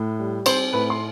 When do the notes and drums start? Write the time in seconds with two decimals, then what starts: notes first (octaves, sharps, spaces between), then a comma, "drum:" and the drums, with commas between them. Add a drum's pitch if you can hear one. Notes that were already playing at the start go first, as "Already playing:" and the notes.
Already playing: A2
0.19 G3
0.46 C4 C5 C6, drum: cymbal
0.73 A2 B4 B5
0.90 C6